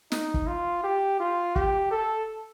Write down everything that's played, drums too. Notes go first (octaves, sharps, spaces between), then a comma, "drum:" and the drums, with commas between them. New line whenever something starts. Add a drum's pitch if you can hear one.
D#4, drum: snare
drum: kick
F4
G4
F4
G4, drum: kick
A4